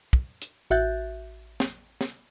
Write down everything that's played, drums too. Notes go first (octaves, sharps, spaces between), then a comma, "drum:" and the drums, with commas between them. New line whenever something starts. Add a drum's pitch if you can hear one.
drum: kick
drum: hi-hat
A1 F#4 E5 F#6 G6 A6
drum: snare
drum: snare